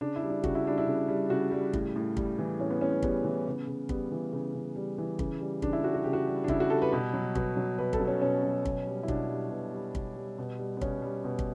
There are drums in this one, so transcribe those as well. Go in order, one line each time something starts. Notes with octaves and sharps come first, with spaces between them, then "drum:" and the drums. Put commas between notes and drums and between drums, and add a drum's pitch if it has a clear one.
C#3 D4
E4
G3
D4
C#3 F#4, drum: kick
E4
G3 D4
E4
C#3
G3
C#3 F#4
G3
A2, drum: kick
A2
G3, drum: kick
E3
A2 C#4
B3
A2 C#4
B3
G3 B3, drum: kick
E3
C#3
C#3
G3 B3, drum: kick
E3
C#3
C#3
G3
E3
C#3, drum: kick
G3
C#3 D4, drum: kick
E4
G3 F#4
F#4
C#3 G4
F#4
G3
D4
C#3 E4, drum: kick
F#4
G3 A4
B4
B2
F#3
B2, drum: kick
F#3
B2 B4
A4, drum: kick
F#3
C#4
B2 C#4
F#3
B2, drum: kick
G3
E4
B2 D4, drum: kick
G3
B2
G3
B2, drum: kick
G3
B2
G3
B3
B2 C#4, drum: kick
G3
B2
drum: kick